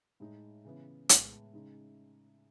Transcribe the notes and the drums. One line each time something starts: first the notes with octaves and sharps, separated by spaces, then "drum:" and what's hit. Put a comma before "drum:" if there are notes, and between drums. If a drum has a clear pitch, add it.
A2 G#3 D#4
C#3 E3 B3
A2 G#3 B3, drum: hi-hat
C#3 G#3 D#4